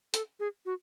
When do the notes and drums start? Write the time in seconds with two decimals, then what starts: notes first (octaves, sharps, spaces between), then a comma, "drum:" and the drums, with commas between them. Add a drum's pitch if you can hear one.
0.14 A4, drum: hi-hat
0.40 G#4
0.66 F#4